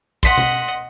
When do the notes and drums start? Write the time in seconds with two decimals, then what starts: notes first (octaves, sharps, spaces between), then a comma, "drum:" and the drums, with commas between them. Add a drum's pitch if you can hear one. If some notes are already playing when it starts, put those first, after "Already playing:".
0.23 D#5 F#5 C6 B6, drum: kick
0.37 drum: tom B2